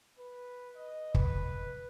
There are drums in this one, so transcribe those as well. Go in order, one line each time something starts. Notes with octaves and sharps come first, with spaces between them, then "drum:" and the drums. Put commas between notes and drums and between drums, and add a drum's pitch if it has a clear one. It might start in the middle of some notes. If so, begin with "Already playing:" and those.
B4
D#5
B4, drum: kick